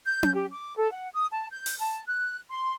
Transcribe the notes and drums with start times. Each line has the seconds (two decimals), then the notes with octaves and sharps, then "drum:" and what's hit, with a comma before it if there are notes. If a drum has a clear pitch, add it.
0.06 G6
0.23 drum: tom C#4
0.34 G4
0.52 D6
0.76 A4
0.91 F#5
1.14 D#6
1.31 A5
1.53 G6
1.66 drum: open hi-hat
1.80 A5
2.07 F#6
2.50 C6